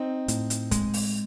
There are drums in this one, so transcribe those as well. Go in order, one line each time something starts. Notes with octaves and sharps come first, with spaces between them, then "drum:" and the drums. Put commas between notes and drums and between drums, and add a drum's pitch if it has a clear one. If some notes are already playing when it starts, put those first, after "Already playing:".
Already playing: C4 D#4
A2, drum: hi-hat
drum: hi-hat
G#3, drum: kick, hi-hat
drum: open hi-hat